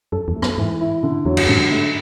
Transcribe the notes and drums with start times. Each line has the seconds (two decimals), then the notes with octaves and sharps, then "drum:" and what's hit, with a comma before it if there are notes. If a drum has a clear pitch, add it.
0.12 F#2 A4
0.28 E2
0.35 A3
0.42 F#2, drum: rim click
0.58 G#2 E3
0.81 E4
1.03 D3
1.25 E2 F#3
1.37 F#2, drum: cymbal
1.48 G#2 D3
1.71 A3